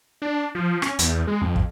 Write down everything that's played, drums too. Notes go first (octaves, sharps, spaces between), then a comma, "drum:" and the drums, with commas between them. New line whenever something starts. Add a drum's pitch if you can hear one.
D4
F3
C#4, drum: rim click
E2, drum: hi-hat
G#3
F2
drum: kick